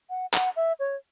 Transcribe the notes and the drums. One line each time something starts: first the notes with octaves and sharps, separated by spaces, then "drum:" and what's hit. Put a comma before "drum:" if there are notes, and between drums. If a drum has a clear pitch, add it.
F#5
F#5, drum: clap
E5
C#5